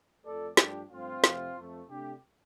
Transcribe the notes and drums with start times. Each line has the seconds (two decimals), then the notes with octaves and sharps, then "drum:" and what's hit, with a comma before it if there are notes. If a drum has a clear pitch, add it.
0.25 F2 F3 A3 A4 D5
0.57 G2 F3 A3 D4 G4, drum: snare
0.90 G2 F3 A3 C4 F4
1.24 F2 C3 A3, drum: snare
1.56 F2 F3 A3
1.90 C3 A3 D4 G4